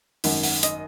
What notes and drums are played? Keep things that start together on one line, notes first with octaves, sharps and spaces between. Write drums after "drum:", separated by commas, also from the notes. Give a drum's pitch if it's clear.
G#1 F#2 D#3 F#5, drum: open hi-hat
F#5, drum: open hi-hat
D#5, drum: hi-hat